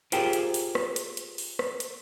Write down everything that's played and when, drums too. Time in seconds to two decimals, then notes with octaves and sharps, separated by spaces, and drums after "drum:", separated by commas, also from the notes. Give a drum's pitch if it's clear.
0.12 F4 G4 G#4 A#4 C5 G5, drum: hi-hat
0.33 drum: hi-hat
0.54 drum: open hi-hat
0.75 drum: rim click
0.96 drum: hi-hat
1.17 drum: hi-hat
1.38 drum: open hi-hat
1.59 drum: rim click
1.80 drum: hi-hat